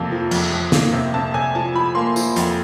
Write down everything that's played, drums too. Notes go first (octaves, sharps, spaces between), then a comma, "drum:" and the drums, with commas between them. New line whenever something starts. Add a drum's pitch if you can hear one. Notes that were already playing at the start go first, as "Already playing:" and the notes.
Already playing: F2 C3 A#3 A5
F3
F2, drum: cymbal
F2
A#3, drum: snare
C3
C3 A5
C3 G#5
F3 A5
F3 B5
A#3 C6
F3, drum: tambourine
F2, drum: hi-hat